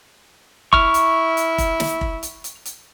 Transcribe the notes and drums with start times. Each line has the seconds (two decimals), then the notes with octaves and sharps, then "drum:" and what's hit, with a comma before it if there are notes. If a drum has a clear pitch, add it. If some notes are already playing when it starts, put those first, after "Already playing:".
0.73 E4 C#6 F6, drum: kick F1
0.94 drum: hi-hat
1.37 drum: hi-hat
1.58 drum: kick F1, hi-hat
1.80 drum: snare
2.01 drum: kick F1
2.23 drum: hi-hat
2.44 drum: hi-hat
2.65 drum: hi-hat